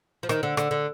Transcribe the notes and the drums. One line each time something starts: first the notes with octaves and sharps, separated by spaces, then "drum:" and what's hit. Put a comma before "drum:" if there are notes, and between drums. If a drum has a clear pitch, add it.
F3
D#3, drum: rim click
D3
D3, drum: rim click
D3